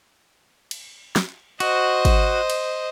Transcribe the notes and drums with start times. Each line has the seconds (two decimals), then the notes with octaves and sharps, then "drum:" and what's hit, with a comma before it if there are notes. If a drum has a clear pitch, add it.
0.71 drum: cymbal
1.16 drum: snare
1.60 F#4 C5 D#5, drum: cymbal
2.05 drum: kick G#1, cymbal
2.50 drum: cymbal